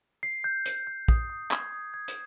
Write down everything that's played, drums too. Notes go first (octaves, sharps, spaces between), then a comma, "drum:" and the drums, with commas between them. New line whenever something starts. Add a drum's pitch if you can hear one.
C7
G6
G6, drum: hi-hat
G6
D#6, drum: kick
D#6
G#6, drum: clap
D#6
G#6
drum: hi-hat